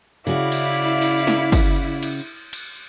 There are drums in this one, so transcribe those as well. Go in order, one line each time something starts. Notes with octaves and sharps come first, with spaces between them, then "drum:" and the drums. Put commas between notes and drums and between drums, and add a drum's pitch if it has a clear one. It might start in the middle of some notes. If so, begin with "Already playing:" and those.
C#3 E4 F#4 D5 F5
drum: cymbal
drum: cymbal
drum: snare
drum: kick G1, cymbal
drum: cymbal
drum: cymbal